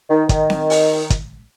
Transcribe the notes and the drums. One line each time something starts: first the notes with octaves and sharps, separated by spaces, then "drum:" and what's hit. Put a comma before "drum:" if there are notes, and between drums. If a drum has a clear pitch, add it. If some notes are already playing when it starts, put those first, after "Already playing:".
D#3
D#3, drum: kick, hi-hat
drum: snare C4
drum: open hi-hat
drum: kick, hi-hat